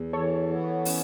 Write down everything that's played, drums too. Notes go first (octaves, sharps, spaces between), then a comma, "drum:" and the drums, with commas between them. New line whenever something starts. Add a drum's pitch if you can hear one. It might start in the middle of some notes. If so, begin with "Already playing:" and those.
Already playing: E2
E3 A4 C#5
B3
C#4, drum: open hi-hat